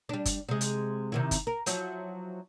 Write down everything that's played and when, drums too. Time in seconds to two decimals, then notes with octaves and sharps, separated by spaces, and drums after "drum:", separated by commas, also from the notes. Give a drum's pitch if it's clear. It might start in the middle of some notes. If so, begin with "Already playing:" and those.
0.09 G3 D4
0.25 drum: kick F#1, hi-hat
0.49 C3 G#3
0.61 drum: hi-hat
1.12 C3 D#3 E4
1.31 drum: kick F#1, hi-hat
1.47 A#4
1.66 F3 F#3 E4, drum: hi-hat